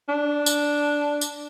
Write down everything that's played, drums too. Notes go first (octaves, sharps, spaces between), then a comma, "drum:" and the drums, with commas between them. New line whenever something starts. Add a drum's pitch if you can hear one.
D4
drum: tambourine
drum: tambourine